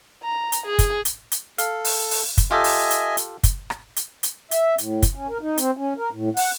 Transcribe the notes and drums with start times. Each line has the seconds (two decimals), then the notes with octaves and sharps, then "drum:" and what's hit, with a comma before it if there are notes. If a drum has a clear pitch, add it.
0.23 A#5
0.52 drum: hi-hat
0.66 G#4
0.79 drum: kick, hi-hat
1.05 drum: hi-hat
1.32 drum: hi-hat
1.58 A4 F5, drum: hi-hat
1.85 drum: open hi-hat
2.11 drum: open hi-hat
2.38 drum: kick, hi-hat
2.51 F4 G4 A4 D#5 E5 G#5
2.64 drum: open hi-hat
2.90 drum: hi-hat
3.17 drum: hi-hat
3.43 drum: kick, hi-hat
3.70 drum: rim click
3.96 drum: hi-hat
4.23 drum: hi-hat
4.51 E5, drum: hi-hat
4.78 A2, drum: hi-hat
5.02 drum: kick, hi-hat
5.15 C#4
5.29 A#4
5.41 D#4
5.58 C4, drum: hi-hat
5.77 C#4
5.98 A#4
6.12 A2
6.37 F#5, drum: open hi-hat